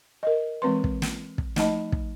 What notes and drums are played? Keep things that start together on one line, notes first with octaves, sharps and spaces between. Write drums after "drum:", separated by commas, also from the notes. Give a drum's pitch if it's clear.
A#4 D#5
E3 G#3 C4 B4 C6
drum: kick
drum: snare
drum: kick
F3 A3 D#4 D#5 A5 B5, drum: snare
drum: kick